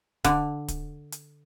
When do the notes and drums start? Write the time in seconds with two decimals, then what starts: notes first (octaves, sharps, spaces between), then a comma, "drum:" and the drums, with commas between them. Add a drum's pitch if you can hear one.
0.25 D3, drum: kick, hi-hat
0.68 drum: kick, hi-hat
1.12 drum: hi-hat